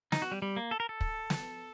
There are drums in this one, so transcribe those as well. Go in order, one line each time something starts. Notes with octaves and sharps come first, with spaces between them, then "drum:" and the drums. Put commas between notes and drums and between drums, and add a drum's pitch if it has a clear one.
D#4, drum: snare
F#4
G3
G3
A#3
A4
A#4
A4
drum: kick
drum: snare